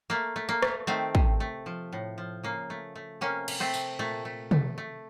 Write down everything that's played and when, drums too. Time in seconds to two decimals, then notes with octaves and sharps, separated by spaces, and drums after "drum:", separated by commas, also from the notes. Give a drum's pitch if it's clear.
0.10 A3 A#3
0.36 A3
0.49 A#3
0.62 A3, drum: rim click
0.87 D#3 A3 C4
1.15 C3, drum: kick
1.40 A3
1.66 F3
1.93 A2
2.18 F3
2.44 C#3 A#3
2.70 A3
2.95 A3
3.21 C3 A#3 C#4
3.48 C3, drum: cymbal
3.60 A3 C4
3.74 C3, drum: tambourine
3.99 A#2 A3
4.25 A3
4.51 A3, drum: tom
4.78 A3